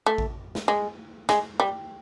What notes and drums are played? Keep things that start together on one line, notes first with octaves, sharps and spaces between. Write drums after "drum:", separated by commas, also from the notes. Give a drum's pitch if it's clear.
A3
drum: kick A1
drum: snare
G#3
G#3, drum: snare
G3